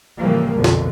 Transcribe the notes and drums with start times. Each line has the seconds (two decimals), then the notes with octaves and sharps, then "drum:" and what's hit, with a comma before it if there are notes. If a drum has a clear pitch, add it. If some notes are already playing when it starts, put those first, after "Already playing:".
0.18 A2 C#3 E3 F3 G3 A#3
0.55 B1 F2 B2 D3 F3
0.64 drum: snare